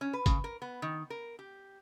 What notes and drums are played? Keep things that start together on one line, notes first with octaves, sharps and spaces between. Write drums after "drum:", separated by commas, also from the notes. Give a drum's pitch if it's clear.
C#4
B4
C#3, drum: kick, hi-hat
A#4
B3
D#3
A#4
G4